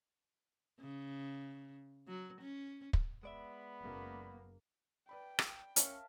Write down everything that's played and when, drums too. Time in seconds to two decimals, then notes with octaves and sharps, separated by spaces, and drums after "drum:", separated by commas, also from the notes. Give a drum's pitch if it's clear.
0.80 C#3
2.08 F#3
2.41 C#4
2.93 drum: kick
3.23 G#3 B3 D5 E5 B5
3.79 F#1 A#3
5.09 B4 D5 G5 B5
5.39 drum: rim click
5.76 C#4 A#4 C#5 E5 F5 A5, drum: hi-hat